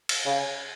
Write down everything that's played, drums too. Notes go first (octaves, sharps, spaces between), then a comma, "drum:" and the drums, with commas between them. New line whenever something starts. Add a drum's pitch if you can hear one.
drum: cymbal
C#3